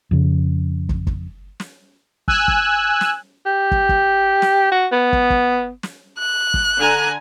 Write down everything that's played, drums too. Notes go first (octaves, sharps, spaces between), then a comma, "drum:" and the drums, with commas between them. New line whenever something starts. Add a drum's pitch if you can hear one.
F2 C#3
drum: kick
drum: kick
drum: snare
G#5 E6 F#6, drum: kick
drum: kick
drum: snare
G4
drum: kick
drum: kick
drum: snare
F#4
B3
drum: kick
drum: kick
drum: snare
F#6
drum: kick
D3 G#5 A#5